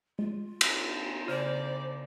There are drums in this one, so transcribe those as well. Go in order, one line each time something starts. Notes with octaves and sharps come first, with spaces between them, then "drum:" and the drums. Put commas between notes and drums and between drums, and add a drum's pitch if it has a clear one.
G#3 F4
drum: cymbal
C#3 C5 D5